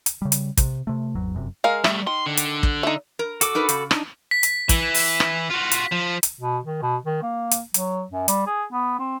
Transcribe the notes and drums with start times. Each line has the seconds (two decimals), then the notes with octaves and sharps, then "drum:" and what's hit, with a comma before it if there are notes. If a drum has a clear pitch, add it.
0.06 drum: hi-hat
0.22 C#3 G3
0.32 drum: hi-hat
0.57 C3, drum: kick, hi-hat
0.87 C3 A3
1.15 G#1 E2 F#3
1.35 F1 F#2 C3
1.64 G#3 A#4 F5
1.84 G3 A3 E5, drum: rim click
2.07 D#3 C6
2.26 D3
2.37 drum: hi-hat
2.63 drum: kick
2.83 D#4 E5
3.19 A#4
3.41 F#4 A4 D6, drum: hi-hat
3.55 D#4 A#4 B4
3.69 C#3, drum: hi-hat
3.91 D4 D#4, drum: rim click
4.31 B6
4.43 drum: hi-hat
4.69 E3, drum: kick, hi-hat
4.94 drum: open hi-hat
5.20 drum: rim click
5.50 F4 F#4
5.71 drum: hi-hat
5.91 F3
6.23 drum: hi-hat
6.41 B2
6.65 D#3
6.82 B2
7.05 D#3
7.23 A#3
7.51 drum: hi-hat
7.74 F#3, drum: hi-hat
8.10 F#2
8.28 G3, drum: hi-hat
8.47 G#4
8.73 B3
8.99 C4